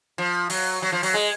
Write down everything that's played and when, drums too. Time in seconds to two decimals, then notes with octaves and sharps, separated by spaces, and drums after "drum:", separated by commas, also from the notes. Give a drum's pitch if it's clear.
0.18 F3
0.50 F#3, drum: open hi-hat
0.82 F#3
0.92 F3
1.03 F#3, drum: open hi-hat
1.14 G#3